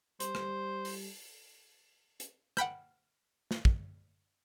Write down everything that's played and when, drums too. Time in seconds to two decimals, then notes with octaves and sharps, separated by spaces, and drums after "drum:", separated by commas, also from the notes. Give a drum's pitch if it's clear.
0.20 G3 C5, drum: hi-hat
0.35 drum: rim click
0.85 drum: open hi-hat
2.20 drum: hi-hat
2.57 F#5 G5 B5 G6, drum: rim click
3.51 drum: snare
3.65 drum: kick